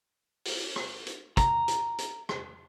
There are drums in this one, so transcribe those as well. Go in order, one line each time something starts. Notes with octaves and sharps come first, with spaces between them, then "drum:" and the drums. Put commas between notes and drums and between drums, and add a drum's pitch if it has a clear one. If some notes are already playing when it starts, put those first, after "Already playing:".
drum: open hi-hat
drum: rim click
drum: hi-hat
A#5, drum: kick, hi-hat
drum: hi-hat
drum: hi-hat
drum: rim click